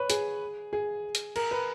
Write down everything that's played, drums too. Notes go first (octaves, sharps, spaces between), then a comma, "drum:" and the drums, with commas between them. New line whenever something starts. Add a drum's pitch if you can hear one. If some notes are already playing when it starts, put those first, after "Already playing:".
Already playing: B4 C#5
G#4, drum: hi-hat
G#4
drum: hi-hat
A#4, drum: cymbal
B4